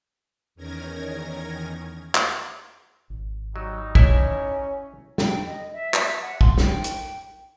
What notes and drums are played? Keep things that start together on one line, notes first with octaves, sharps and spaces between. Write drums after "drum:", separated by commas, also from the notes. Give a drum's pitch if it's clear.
E2 D#3 C#4 A#4 G#6 A#6
drum: clap
G#1
F#3 G3 D#4
C#4 E4 E5, drum: kick
G5, drum: snare
D#5
E5
drum: clap
F#5
C6, drum: kick
G5, drum: snare
drum: hi-hat